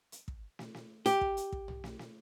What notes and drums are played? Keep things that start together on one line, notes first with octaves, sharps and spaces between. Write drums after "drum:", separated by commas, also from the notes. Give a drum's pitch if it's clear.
drum: hi-hat
drum: kick
drum: snare
drum: snare
G4, drum: hi-hat
drum: kick
drum: hi-hat
drum: kick
drum: tom
drum: snare
drum: snare